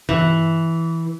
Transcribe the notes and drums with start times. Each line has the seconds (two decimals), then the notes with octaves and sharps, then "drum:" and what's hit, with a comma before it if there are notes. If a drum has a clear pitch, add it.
0.09 E3, drum: tom G2